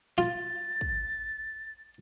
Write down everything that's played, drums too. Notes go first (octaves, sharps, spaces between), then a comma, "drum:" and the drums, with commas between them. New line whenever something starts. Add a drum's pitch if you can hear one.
F4 A6, drum: snare
drum: kick